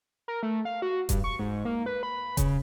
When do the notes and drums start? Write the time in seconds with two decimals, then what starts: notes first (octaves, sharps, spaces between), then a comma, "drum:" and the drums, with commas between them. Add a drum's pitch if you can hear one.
0.28 A#4
0.43 A3
0.65 F5
0.82 F#4
1.09 G2, drum: kick E1, hi-hat
1.24 C#6
1.39 G#2
1.65 A#3
1.86 B4
2.03 B5
2.37 C#3, drum: kick E1, hi-hat